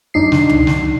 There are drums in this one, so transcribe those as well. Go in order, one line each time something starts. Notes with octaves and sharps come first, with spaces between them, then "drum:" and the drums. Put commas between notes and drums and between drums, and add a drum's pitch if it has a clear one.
F#2 D4 D#4 C7
drum: snare
drum: tom
drum: snare